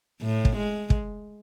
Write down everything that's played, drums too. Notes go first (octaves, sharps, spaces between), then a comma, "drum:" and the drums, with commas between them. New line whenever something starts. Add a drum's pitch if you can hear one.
A2
drum: kick
G#3
drum: kick